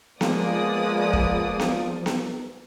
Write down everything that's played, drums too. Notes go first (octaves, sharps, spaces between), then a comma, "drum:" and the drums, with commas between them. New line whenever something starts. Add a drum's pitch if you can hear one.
F3 G#3 A#3 B3 D5 D#6, drum: snare B3
drum: kick
drum: snare B3
drum: snare B3